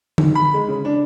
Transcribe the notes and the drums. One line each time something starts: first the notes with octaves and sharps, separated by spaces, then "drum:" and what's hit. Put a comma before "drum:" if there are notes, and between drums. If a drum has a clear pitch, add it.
D#3, drum: tom D3
B5
G#3
C#3
D4